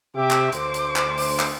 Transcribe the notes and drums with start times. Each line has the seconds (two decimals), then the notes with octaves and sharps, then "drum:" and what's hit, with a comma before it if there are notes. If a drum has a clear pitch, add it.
0.15 C3 G4 E5 D6
0.31 drum: clap
0.52 D2 C5 D6, drum: hi-hat
0.74 drum: hi-hat
0.96 drum: clap
1.18 drum: open hi-hat
1.39 drum: clap